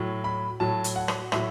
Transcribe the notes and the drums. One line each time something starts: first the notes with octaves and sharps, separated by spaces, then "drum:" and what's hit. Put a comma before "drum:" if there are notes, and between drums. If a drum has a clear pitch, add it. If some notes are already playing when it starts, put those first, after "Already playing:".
Already playing: A2 F#3
B5
A2 F#3 A5
drum: hi-hat
F#5
drum: rim click
A2 F#3 E5, drum: rim click